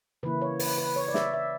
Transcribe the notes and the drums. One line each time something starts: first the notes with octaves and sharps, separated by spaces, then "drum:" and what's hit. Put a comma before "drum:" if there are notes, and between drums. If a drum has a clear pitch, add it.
C#3 E3 A#3 E4 B4
C#5
B4, drum: open hi-hat
B4
C#5
D5
E5, drum: snare
E5